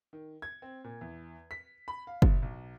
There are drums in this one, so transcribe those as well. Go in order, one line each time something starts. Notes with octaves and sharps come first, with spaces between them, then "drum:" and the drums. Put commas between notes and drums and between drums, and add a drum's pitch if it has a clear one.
D#3
G#6
C4
A#2
E2
B6
B5
F5
A1, drum: kick
B1